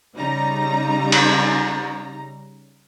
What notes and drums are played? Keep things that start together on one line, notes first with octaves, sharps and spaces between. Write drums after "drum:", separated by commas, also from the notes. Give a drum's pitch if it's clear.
C#3 G3 D#4 A#5
drum: cymbal